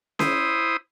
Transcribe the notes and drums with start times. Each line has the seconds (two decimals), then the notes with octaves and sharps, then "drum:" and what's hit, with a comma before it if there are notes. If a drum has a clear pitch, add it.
0.19 E4 C5 D#6, drum: snare C#4